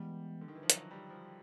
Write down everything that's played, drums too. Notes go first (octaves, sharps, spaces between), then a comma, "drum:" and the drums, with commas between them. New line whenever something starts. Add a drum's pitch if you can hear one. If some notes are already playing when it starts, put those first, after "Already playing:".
Already playing: E3 G3 G#3 B3
D3
D#3
E3
F3
F#3, drum: hi-hat
G3
F3